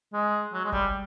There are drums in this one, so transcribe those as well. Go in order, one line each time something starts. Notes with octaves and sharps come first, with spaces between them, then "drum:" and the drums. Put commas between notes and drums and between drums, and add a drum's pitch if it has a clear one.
G#3
F#3
G#3
G3, drum: kick G1